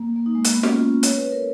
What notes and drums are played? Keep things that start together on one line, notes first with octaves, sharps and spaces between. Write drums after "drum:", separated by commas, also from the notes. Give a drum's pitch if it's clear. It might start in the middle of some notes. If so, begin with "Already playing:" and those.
Already playing: A#3
A#3
D#4
G#3
A#3, drum: hi-hat
B3
C#4, drum: snare
F4
C#5, drum: hi-hat
B4
A#4